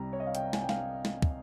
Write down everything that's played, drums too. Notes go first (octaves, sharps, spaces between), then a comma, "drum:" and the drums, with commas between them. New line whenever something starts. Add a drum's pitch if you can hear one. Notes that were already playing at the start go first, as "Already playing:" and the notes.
Already playing: C2 C3 G3 A#5
C#5
D#5
F5
G5, drum: hi-hat
G#5, drum: snare
G5
F5, drum: snare
drum: snare
drum: kick